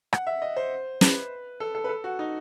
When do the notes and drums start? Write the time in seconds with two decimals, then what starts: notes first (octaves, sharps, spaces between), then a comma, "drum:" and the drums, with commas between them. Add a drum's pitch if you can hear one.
0.13 F#5, drum: rim click
0.27 E5
0.42 D#5
0.56 C5
1.01 B4, drum: snare
1.60 A4
1.75 A4
1.84 B4
1.89 A4
2.04 F#4
2.19 D#4